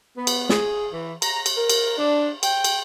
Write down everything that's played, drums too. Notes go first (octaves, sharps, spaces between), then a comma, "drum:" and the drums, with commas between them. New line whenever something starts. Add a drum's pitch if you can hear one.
B3
drum: cymbal
G#4, drum: snare
E3
A#5, drum: cymbal
drum: cymbal
A#4
drum: cymbal
D4
G5, drum: cymbal
drum: cymbal